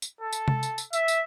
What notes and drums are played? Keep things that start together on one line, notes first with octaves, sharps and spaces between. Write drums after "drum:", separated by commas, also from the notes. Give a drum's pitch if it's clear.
drum: tambourine
A4
drum: tambourine
drum: tom C3
drum: tambourine
drum: tambourine
E5, drum: tambourine
drum: tambourine